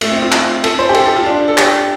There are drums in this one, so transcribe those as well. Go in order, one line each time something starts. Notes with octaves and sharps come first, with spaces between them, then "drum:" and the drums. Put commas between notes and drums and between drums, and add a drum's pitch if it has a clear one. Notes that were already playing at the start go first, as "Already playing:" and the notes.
A3, drum: cymbal
C4
F4
drum: clap
A4, drum: cymbal
C5
G4
A4, drum: cymbal
A4
F4
D4
A4
G4, drum: clap